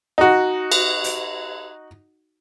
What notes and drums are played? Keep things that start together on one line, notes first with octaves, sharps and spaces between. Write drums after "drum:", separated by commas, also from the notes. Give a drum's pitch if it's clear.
D#4 F#4
drum: cymbal
drum: hi-hat